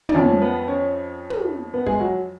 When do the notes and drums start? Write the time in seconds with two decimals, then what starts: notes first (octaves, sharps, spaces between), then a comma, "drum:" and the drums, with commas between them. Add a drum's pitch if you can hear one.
0.09 D5, drum: tom
0.14 F2 F3 C#4 C#5
0.42 B3 B4
0.68 C#4 C#5
1.30 drum: tom
1.74 B3 B4
1.86 G#3 G#4, drum: kick
2.00 F#3 F#4